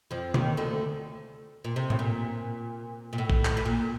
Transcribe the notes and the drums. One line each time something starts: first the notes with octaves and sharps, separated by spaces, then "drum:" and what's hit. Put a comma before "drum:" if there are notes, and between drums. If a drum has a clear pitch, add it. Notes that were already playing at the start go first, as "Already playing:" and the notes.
F2 F3
D#2 D#3, drum: tom B2
D2 D3
A#2
C3
A2, drum: tom A2
A#2
A#2
A2
drum: kick A1
drum: clap
A2
A#2